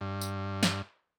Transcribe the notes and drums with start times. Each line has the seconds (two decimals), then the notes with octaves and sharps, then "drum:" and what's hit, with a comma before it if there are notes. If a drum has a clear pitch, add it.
0.01 G2
0.21 drum: tambourine
0.63 drum: snare